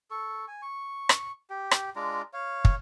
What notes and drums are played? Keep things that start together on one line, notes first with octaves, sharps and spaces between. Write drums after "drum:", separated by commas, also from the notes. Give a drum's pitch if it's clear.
A4 C#6
G#5
C#6
drum: rim click
G4
drum: rim click
G#3 D4 F4 A#5
C#5 F5
drum: kick